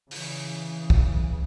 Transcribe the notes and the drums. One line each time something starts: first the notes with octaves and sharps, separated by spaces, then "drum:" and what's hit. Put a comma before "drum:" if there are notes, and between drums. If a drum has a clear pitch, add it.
C#3 E3, drum: open hi-hat
drum: kick